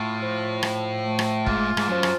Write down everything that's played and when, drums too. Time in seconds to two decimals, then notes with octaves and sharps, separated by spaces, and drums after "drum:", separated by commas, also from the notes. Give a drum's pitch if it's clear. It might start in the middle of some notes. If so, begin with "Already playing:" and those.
Already playing: A2 A3 F4
0.20 F3
0.63 F3, drum: rim click
1.04 A3
1.19 drum: rim click
1.47 G#2 F4, drum: kick
1.77 G#2, drum: rim click
1.89 F#2 F3
2.03 drum: rim click